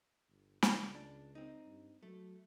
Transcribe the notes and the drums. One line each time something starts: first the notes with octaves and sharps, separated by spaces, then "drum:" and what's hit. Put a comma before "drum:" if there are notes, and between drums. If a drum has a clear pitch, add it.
G1
C#2, drum: snare
D4
C4 D#4
G2
F#3 A3